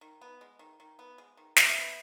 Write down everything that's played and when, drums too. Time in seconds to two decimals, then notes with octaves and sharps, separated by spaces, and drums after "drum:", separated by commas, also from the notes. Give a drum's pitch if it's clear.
0.01 D#3
0.21 B3
0.41 G#3
0.59 D#3
0.80 D#3
0.99 B3
1.18 G#3
1.37 D#3
1.56 D#3 E5, drum: snare
1.77 B3